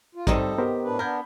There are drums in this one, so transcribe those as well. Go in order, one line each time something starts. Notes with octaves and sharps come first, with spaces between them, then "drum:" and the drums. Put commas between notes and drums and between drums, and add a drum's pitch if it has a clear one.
F4
C3 D#3 G3 C4 D#4 A4, drum: kick, hi-hat
B3 G4 A#4 C5
A2 D4 B4
B3 D4 A#4 B5 G6 G#6